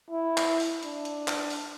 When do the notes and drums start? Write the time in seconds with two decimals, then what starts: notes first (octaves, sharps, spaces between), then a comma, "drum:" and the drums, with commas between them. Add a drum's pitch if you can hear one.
0.10 E4
0.37 drum: clap
0.60 drum: open hi-hat
0.83 D4, drum: hi-hat
1.05 drum: hi-hat
1.28 drum: clap
1.50 drum: open hi-hat